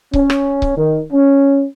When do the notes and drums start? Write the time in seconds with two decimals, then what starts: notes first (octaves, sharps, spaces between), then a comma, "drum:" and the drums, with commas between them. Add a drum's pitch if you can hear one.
0.13 C#4, drum: kick C#1
0.30 drum: rim click
0.62 drum: kick C#1
0.77 D#3
1.13 C#4